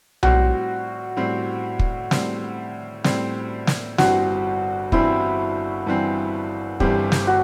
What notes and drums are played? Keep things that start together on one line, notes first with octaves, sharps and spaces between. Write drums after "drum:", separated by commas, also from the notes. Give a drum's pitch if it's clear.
A2 G3 C4 F#4, drum: tom B1
A2 G3 C4
drum: kick
A2 G3 C4, drum: snare
A2 G3 C4, drum: snare
drum: snare
G1 G2 E3 G3 C4 F#4, drum: snare
G1 G2 E3 G3 C4 E4, drum: kick
G1 G2 E3 G3 C4
G1 G2 E3 G3 C4 G4, drum: kick
drum: snare
F#4